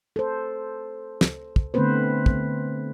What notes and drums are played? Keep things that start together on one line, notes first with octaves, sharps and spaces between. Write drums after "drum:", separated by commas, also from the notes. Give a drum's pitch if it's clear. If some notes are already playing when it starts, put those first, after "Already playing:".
A4 C5
drum: snare
drum: kick
D3 A3 B3 C4 B4 C5
drum: kick